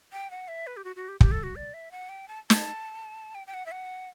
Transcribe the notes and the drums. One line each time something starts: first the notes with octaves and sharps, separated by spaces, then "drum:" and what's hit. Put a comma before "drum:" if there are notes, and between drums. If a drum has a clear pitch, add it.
G5
F#5
E5
B4
G4
F#4
F#4
G4
G4, drum: kick
A4
F#4
D5
E5
F#5
G5
A5
A5, drum: snare
G5
G5
F#5
E5
F#5